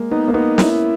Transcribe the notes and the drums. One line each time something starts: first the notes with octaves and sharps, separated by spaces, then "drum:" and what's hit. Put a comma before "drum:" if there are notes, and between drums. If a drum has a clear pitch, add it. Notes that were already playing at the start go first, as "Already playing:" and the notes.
Already playing: G#3 A#3
B3 D#4
A#3
B3 D#4
C#4 E4, drum: snare